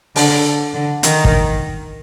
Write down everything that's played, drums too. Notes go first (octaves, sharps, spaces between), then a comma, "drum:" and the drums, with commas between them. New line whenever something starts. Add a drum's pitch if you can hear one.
D3, drum: open hi-hat
D3
D#3, drum: hi-hat
drum: kick